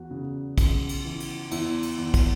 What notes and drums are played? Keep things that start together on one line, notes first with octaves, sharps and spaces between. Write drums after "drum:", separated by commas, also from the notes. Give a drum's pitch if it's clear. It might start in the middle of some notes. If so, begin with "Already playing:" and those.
Already playing: E2 F#4
C#3
C#3, drum: kick, cymbal
drum: cymbal
E3
drum: cymbal
E2 E4, drum: cymbal
drum: cymbal
E2
drum: kick, cymbal